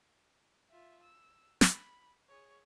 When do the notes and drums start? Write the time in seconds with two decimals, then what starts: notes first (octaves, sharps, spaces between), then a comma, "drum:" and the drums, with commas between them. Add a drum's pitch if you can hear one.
0.70 F4 E5
1.02 E6
1.61 B5, drum: snare
2.29 G#4 C#5